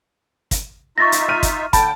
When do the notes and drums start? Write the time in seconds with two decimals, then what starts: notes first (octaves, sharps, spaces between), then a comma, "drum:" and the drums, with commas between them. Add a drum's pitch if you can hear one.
0.51 drum: kick, hi-hat
0.98 D#4 F4 E5 C#6 A6 A#6
1.12 drum: hi-hat
1.29 F6 D#7
1.43 drum: kick, hi-hat
1.73 D3 G5 A5 B5, drum: kick, hi-hat